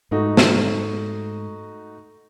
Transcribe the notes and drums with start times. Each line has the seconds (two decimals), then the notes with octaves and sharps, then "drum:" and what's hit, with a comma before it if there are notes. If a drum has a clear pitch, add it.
0.11 G#2 A3 D#4 F#4
0.37 drum: snare